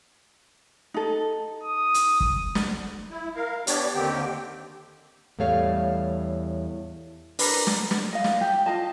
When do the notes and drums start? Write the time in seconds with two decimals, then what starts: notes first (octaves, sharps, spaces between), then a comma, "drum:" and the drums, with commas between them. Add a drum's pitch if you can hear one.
0.94 D#4 A4
1.63 D#6
1.94 drum: hi-hat
2.20 drum: kick
2.55 drum: snare
3.11 E4
3.36 A#4 F5
3.67 B3 D4 G4 C#5 D5, drum: hi-hat
3.95 D#2 D3 D#3 C4 G4 G5
5.39 E2 A2 G3 A3 C#5 F5
7.39 D4 A#4 B4, drum: open hi-hat
7.67 A#5, drum: snare
7.91 drum: snare
8.13 D#5 F5
8.24 drum: snare
8.41 G4
8.66 F4 D#5 A5